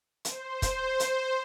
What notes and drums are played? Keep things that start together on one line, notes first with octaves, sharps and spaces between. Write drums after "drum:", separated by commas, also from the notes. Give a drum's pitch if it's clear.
C5, drum: hi-hat
drum: kick, hi-hat
drum: hi-hat